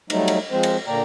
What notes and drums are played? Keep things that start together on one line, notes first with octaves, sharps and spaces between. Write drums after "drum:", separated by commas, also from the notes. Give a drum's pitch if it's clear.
F#3 G3 A3 D#4, drum: cymbal
drum: cymbal
F3 G#3 C4 C5
drum: cymbal
A#2 D3 A#3 D5 G5 A#5